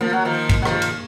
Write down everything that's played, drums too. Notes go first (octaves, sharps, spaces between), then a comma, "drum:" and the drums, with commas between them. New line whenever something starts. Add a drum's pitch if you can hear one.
F3 A#3
F#3
D#3 F3
drum: kick, cymbal
F#3
D#3 F3, drum: rim click
drum: cymbal